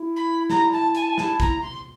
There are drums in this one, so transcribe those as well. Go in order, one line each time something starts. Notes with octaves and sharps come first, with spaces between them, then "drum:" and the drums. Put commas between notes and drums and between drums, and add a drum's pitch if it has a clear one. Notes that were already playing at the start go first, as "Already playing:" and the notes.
Already playing: E4
B5
A#5, drum: snare
A5
G#5, drum: hi-hat
A5
G#5
E4 A5, drum: snare
A#5, drum: kick, hi-hat
C6